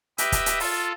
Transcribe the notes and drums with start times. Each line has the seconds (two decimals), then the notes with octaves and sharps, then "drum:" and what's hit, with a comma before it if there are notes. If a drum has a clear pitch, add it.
0.18 G4 B4 D#5 E5, drum: hi-hat
0.32 drum: kick, hi-hat
0.46 drum: hi-hat
0.60 F4 A4, drum: open hi-hat